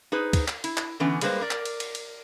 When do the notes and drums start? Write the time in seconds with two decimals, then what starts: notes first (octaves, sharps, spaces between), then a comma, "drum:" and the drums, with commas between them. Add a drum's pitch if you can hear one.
0.12 D#4 G#4 B4 C5
0.33 drum: kick, cymbal
0.48 drum: clap
0.64 E4, drum: cymbal
0.77 drum: clap
1.00 D3 E3 B3 C#4
1.21 G3 G#3 A#3 B4 C5, drum: cymbal
1.41 A#4 D5
1.51 drum: clap
1.66 drum: cymbal
1.80 drum: cymbal
1.95 drum: cymbal